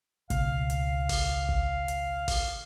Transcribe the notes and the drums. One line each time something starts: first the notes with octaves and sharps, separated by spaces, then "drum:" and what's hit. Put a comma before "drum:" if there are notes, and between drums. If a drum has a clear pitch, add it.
C#2 B2 F5, drum: kick, hi-hat
drum: hi-hat
drum: kick, open hi-hat
drum: kick
drum: hi-hat
drum: kick, open hi-hat